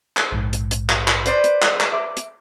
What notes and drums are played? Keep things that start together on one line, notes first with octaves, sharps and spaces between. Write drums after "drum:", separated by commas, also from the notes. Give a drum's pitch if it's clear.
drum: clap
A#1 G#2
drum: hi-hat
drum: hi-hat
drum: clap
drum: clap
B4 C5 D5, drum: hi-hat
drum: hi-hat
drum: clap
drum: clap
E5 D6
drum: hi-hat